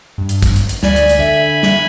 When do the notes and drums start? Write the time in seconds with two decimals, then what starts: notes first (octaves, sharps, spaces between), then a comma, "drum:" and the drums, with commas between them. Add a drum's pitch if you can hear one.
0.18 G2
0.29 drum: hi-hat
0.43 drum: kick, hi-hat
0.56 drum: hi-hat
0.69 drum: hi-hat
0.83 D2 D5 G#5 B5, drum: snare
0.96 drum: hi-hat
1.09 drum: hi-hat
1.19 D3 E5
1.63 drum: snare